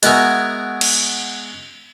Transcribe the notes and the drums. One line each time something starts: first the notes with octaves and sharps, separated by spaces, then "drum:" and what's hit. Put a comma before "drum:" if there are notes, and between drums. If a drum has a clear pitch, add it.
G#3 B3 F#4 A#4 E5 G#5, drum: hi-hat
drum: cymbal